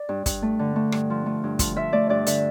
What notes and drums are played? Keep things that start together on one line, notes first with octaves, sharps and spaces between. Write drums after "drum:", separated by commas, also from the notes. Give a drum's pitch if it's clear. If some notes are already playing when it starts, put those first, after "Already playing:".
Already playing: D5
G2
G2, drum: kick, hi-hat
A3
D3
A3
G2, drum: rim click
F3
A3
G2
F3, drum: kick, hi-hat
F3 E5
A3 D5
G2 D5
D3 E5, drum: hi-hat